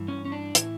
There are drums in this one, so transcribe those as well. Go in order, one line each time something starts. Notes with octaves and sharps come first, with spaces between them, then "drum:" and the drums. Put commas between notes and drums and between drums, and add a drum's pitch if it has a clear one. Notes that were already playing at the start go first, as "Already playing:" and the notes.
Already playing: G2 E3
C#4
C#4
D4
A2 E3 E4, drum: hi-hat